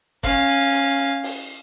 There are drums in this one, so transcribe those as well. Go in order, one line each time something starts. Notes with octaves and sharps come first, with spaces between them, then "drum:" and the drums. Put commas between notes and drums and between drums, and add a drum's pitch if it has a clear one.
C#4 F5, drum: kick G1, hi-hat
drum: hi-hat
drum: hi-hat
drum: open hi-hat